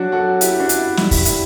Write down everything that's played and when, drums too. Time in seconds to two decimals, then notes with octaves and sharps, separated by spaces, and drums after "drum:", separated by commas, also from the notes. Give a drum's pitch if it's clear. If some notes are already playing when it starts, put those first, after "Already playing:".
Already playing: F#3 D4 F#4
0.12 F#4 A4
0.41 E4 G4, drum: hi-hat
0.59 D4 F#4
0.69 drum: hi-hat
0.78 E4
0.97 G3 E4, drum: snare
1.11 E4, drum: kick, open hi-hat
1.25 E4, drum: hi-hat